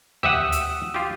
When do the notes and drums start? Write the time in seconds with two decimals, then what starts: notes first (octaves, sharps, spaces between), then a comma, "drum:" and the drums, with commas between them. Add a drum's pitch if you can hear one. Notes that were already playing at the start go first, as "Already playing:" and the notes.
0.23 G4 E5 F#5 D#6 E6, drum: tom D2
0.52 drum: hi-hat
0.94 F4 G4